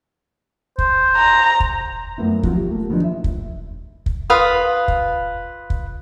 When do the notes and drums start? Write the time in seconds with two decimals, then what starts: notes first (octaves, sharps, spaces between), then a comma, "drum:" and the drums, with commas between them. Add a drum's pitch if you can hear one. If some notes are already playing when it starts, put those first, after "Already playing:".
0.78 C5, drum: kick
1.17 A#5
1.60 drum: kick
2.18 F#2 A#2 A3 B3 E4
2.43 D#3 F3 F#3 C4 F4, drum: kick
2.56 G4
2.70 A3 A#3
2.90 B2 D#3 F3 F#3 D4 D#4
3.04 G#3 E5
3.24 drum: kick
4.06 drum: kick
4.30 F4 B4 F5 D#6
4.88 drum: kick
5.70 drum: kick